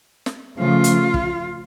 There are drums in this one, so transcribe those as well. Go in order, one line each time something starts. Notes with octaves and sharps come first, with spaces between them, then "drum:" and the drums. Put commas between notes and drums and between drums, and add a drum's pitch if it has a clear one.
drum: snare
C#3 F3 A3 F4
drum: hi-hat
drum: kick